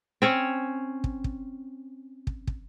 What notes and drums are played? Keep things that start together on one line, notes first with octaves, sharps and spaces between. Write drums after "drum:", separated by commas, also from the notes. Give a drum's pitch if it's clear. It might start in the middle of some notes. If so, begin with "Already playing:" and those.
C4 C#4 C#5
drum: kick
drum: kick
drum: kick
drum: kick